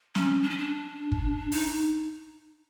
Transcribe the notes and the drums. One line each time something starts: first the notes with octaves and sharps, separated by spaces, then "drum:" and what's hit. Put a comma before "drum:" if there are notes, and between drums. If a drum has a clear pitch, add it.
C#4, drum: snare
D4
C#4
D4
drum: kick
D#4, drum: open hi-hat